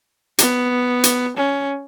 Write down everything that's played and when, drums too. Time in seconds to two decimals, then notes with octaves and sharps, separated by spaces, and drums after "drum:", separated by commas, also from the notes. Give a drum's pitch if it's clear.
0.38 B3, drum: hi-hat
1.04 drum: hi-hat
1.36 C#4